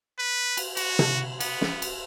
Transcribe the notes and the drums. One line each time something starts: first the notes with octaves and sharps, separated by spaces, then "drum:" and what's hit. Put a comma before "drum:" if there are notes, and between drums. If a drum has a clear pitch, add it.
B4
drum: cymbal
F#4, drum: cymbal
drum: tom C3
B3, drum: cymbal
drum: snare
drum: cymbal